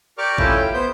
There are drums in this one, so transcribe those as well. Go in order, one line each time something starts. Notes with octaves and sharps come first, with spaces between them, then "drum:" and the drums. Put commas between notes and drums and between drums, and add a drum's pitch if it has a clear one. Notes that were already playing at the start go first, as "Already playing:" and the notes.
G4 A#4 D5 C#6 D6 F6
A3 C#4 E4 F4 G4 A4, drum: kick G#1
G5
B3 C5 G6